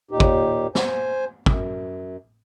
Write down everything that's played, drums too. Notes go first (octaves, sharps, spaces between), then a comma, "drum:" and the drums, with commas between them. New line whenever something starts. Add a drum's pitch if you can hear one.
D#2 A#2 D#4 G4
drum: kick
C5 G#5, drum: snare
F#2, drum: kick